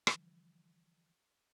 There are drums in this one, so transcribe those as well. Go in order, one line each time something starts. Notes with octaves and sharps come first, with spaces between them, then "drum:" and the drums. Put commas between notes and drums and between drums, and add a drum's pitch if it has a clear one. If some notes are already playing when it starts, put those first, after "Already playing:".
D3 E3 F3 G3, drum: rim click